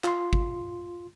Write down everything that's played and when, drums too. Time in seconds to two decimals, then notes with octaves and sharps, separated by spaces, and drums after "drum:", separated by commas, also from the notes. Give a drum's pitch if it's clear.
0.04 F4 C6, drum: clap
0.33 drum: kick G#1